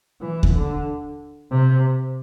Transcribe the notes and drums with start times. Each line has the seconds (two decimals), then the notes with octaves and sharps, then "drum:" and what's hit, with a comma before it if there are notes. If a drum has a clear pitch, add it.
0.21 E3
0.43 drum: kick D#2
0.54 D3
1.51 C3